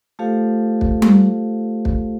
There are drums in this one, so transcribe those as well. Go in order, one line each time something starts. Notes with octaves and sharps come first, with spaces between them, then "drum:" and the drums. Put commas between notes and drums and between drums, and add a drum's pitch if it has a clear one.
A3 F4 G4 A4 C5 F5
drum: kick
drum: tom G3
drum: kick